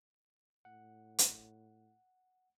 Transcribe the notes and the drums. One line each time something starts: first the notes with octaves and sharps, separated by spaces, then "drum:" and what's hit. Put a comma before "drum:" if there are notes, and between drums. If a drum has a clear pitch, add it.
A2 F#5
drum: hi-hat